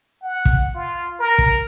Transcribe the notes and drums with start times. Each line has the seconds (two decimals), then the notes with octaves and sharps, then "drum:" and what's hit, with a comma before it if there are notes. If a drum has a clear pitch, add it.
0.22 F#5
0.45 drum: kick
0.74 F4
1.20 A#4
1.39 drum: kick